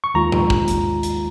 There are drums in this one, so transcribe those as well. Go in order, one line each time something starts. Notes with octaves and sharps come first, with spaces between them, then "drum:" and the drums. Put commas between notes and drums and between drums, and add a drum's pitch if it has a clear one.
C#6
D#2 D#3 G#3 F4 A#5
drum: tom A2
drum: kick
drum: hi-hat
drum: hi-hat